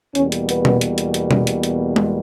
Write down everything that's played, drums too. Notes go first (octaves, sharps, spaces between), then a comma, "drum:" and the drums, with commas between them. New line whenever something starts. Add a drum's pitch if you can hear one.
E2 B2 G3 A#3 C#4, drum: hi-hat
drum: hi-hat
B3, drum: hi-hat
drum: tom B2
drum: hi-hat
drum: hi-hat
drum: hi-hat
drum: tom B2
drum: hi-hat
drum: hi-hat
drum: tom G#3